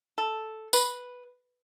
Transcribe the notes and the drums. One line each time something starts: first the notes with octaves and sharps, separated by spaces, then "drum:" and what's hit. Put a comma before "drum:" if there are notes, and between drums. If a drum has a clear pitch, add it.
A4
B4, drum: tambourine